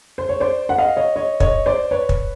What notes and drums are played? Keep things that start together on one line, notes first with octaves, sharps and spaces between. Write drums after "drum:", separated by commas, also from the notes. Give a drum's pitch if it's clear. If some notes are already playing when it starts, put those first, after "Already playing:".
C5
C#5
C5 D5
F#5
D#5 F5
C#5 D#5
C#5 D#5
C#5 D#5, drum: kick
C5 D5
B4 C#5
drum: kick